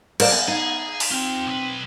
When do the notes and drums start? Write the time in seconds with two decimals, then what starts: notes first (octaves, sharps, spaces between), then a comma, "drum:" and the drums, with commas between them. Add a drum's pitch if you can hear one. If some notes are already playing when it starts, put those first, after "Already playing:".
0.20 F#3 A#4 C5 D5, drum: cymbal
0.32 B3 G#5
0.48 D#4 G#4
1.00 drum: open hi-hat
1.11 C4 F4 G5
1.47 B1 B4